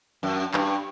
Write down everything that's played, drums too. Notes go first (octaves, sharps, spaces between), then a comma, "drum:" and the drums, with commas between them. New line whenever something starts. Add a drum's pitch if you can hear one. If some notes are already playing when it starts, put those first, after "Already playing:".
F#2
G2, drum: clap